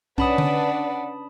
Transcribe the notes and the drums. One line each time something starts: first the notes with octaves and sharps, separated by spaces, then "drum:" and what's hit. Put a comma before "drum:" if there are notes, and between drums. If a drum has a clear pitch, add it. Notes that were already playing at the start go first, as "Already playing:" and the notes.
C#4 D4 B4 D5 F#5 A5 B5 D#6, drum: kick B1
drum: tom D3